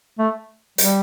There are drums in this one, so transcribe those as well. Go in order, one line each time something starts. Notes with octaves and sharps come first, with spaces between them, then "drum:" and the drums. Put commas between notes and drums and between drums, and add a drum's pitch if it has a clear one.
A3
G3, drum: hi-hat